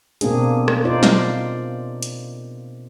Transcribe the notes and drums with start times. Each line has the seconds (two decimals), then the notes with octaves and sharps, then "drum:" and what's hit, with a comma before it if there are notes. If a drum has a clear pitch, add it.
0.21 B2 A#3 C4 D4 G#4, drum: hi-hat
0.68 drum: rim click
0.84 D#4 F4 C5 D5
1.03 drum: snare
2.03 drum: hi-hat